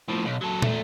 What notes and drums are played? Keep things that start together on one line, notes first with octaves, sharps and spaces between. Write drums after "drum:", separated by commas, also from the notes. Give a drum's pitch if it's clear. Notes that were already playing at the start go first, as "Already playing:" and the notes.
A2 F3
B1
F#3 A4
E2 A3, drum: tom